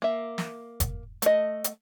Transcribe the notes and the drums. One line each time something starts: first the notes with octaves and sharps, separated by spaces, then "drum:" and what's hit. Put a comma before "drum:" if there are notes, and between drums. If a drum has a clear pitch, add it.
A#3 E5
drum: snare
drum: kick F1, hi-hat
A3 D#5, drum: hi-hat
drum: hi-hat